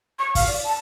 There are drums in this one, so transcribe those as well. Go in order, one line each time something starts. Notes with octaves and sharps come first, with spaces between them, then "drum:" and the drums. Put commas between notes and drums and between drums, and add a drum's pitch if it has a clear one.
C#6
F5, drum: kick, open hi-hat
D5
A5